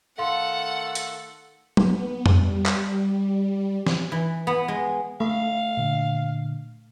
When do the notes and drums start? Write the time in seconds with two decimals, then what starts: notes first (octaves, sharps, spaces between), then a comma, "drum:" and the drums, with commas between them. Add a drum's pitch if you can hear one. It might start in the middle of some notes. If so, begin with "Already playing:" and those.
0.18 D#3 A3 A4 F5 F#5 C6
0.95 drum: hi-hat
1.77 B3, drum: tom F#3
2.26 drum: tom F2
2.37 G3
2.66 drum: clap
3.87 drum: snare
4.12 E3
4.47 B3
4.68 G#3
5.20 A3 F5
5.77 A#2 D3